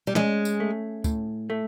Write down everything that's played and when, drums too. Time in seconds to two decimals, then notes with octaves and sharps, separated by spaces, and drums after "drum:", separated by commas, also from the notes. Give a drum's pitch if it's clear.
0.07 G3
0.15 G#3 C#4, drum: snare
0.45 drum: tambourine
0.60 A3
1.04 A2, drum: kick, tambourine
1.50 A3